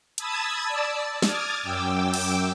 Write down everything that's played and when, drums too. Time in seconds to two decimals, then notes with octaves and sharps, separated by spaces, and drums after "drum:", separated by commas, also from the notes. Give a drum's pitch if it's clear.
0.18 A5 B5 D#6 E6 G#6 A6, drum: hi-hat
0.68 D5 A5 E6
1.22 D6 D#6 F6 G#6 A6, drum: snare
1.63 F#2 G5 D6 E6
2.14 drum: cymbal